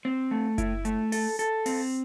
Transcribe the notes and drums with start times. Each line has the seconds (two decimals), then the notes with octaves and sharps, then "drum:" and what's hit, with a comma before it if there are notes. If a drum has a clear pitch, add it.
0.05 C4
0.31 A3
0.58 E4, drum: kick F#1, hi-hat
0.85 A3, drum: hi-hat
1.12 A4, drum: open hi-hat
1.39 A4, drum: hi-hat
1.66 C4, drum: open hi-hat